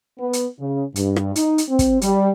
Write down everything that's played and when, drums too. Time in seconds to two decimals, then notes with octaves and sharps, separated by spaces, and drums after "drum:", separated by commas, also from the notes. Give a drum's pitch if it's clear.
0.19 B3
0.33 drum: hi-hat
0.59 C#3
0.96 G2, drum: hi-hat
1.16 drum: rim click
1.36 D#4, drum: hi-hat
1.58 drum: hi-hat
1.70 C4
1.79 drum: kick, hi-hat
2.02 G3, drum: hi-hat